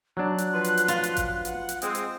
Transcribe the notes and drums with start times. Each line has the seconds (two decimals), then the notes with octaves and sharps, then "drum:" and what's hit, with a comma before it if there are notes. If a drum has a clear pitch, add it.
0.17 F#3 D4 F#6
0.38 drum: hi-hat
0.53 F3 B4 C6
0.64 drum: hi-hat
0.77 drum: hi-hat
0.88 F4, drum: hi-hat
1.04 drum: hi-hat
1.17 drum: kick G#1, hi-hat
1.45 F#5, drum: hi-hat
1.69 drum: hi-hat
1.82 G#3 C4 D#6, drum: hi-hat
1.95 drum: hi-hat